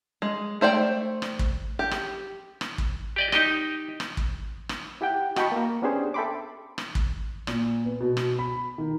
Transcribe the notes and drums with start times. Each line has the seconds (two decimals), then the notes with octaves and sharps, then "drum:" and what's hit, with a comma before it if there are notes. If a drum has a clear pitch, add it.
0.22 G#3
0.61 A3 C5 D5 G5
1.22 drum: rim click
1.39 drum: kick
1.79 G4
1.91 drum: rim click
2.61 drum: rim click
2.78 drum: kick
3.16 G4 D5 D#5
3.32 D#4 G4 D#5, drum: rim click
4.00 drum: rim click
4.17 drum: kick
4.69 drum: rim click
5.01 E4 G4 F#5 G5
5.36 F#4 D#5 G5 A5 B5 C#6, drum: rim click
5.52 A#3 A#4
5.82 B3 C#4 D4 G4 G#4 C5
6.14 A4 E5 G5 B5 C6 D6
6.78 drum: rim click
6.95 drum: kick
7.47 A#2, drum: rim click
7.84 B3
8.00 B2
8.17 drum: rim click
8.39 B5
8.78 D#3